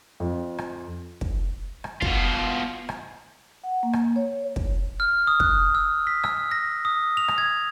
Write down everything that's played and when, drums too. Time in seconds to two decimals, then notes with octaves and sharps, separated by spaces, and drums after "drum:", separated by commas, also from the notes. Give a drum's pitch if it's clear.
0.20 F2
0.58 drum: rim click
1.21 drum: kick
1.84 drum: rim click
2.02 B2 F4, drum: kick
2.89 drum: rim click
3.64 F#5
3.83 A#3
3.93 drum: rim click
4.16 C#5
4.56 drum: kick
5.00 F6
5.27 D#6
5.40 F#6, drum: kick
5.75 E6
6.07 B6
6.24 E6, drum: rim click
6.51 A#6
6.85 D#6
7.17 F7
7.28 drum: rim click
7.38 G#6